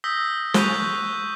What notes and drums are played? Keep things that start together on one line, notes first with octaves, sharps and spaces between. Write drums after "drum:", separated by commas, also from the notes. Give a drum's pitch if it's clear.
D#6 E6 G6 A#6 B6 G7
C#6 F#6 G6 B6 D#7 F7, drum: snare